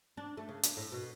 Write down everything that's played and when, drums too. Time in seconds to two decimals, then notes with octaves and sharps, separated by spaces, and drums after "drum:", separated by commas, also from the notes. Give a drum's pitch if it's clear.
0.17 D4
0.37 A3
0.49 C#3
0.63 D4, drum: hi-hat
0.77 A2
0.92 B2